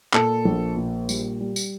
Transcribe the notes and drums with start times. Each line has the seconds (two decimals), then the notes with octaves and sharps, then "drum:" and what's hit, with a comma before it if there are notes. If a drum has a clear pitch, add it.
0.13 A#2 A4, drum: clap
0.45 A#1
0.77 A#2
1.09 G3, drum: tambourine
1.41 G3
1.56 drum: tambourine